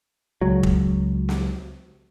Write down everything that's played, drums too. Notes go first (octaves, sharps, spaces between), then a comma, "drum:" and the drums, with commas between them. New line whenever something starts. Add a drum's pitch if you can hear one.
C#2 F#3
drum: kick
drum: snare